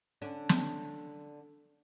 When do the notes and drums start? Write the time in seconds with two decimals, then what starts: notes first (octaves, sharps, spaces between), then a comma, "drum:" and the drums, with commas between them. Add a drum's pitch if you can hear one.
0.22 D3 C#4 D4
0.49 drum: snare